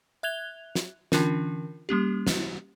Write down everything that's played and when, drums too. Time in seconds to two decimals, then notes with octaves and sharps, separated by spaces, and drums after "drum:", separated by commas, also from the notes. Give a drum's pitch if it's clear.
0.23 E5 F#6 G#6 F7 G7
0.75 drum: snare
1.12 D3 E3 C#4 D4 F4 A#4, drum: snare
1.89 G3 A#3 C#4 G4
2.27 drum: snare